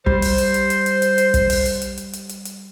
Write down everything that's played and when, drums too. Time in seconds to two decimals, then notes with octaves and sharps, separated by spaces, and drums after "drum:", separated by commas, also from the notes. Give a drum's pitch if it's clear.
0.06 G3 C5, drum: kick
0.22 drum: open hi-hat
0.38 drum: hi-hat
0.54 drum: hi-hat
0.70 drum: hi-hat
0.86 drum: hi-hat
1.02 drum: hi-hat
1.18 drum: hi-hat
1.34 drum: kick, hi-hat
1.50 drum: open hi-hat
1.66 drum: hi-hat
1.82 drum: hi-hat
1.97 drum: hi-hat
2.13 drum: hi-hat
2.29 drum: hi-hat
2.45 drum: hi-hat